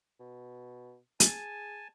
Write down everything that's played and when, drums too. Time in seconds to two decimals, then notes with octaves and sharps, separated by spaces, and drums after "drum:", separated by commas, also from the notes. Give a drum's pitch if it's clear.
0.20 B2
1.20 G#4 G#5 A5, drum: hi-hat